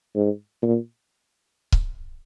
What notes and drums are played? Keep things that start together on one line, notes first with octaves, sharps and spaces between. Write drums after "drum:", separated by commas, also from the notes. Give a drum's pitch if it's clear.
G#2
A#2
drum: kick C#1